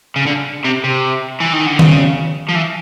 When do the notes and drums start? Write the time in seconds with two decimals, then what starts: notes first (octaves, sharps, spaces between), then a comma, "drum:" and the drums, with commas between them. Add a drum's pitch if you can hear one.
0.16 C#3
0.27 D3
0.65 C3
0.84 C3
1.40 E3
1.53 D#3
1.66 D3
1.79 C#3, drum: tom D#3
2.49 F3
2.55 E3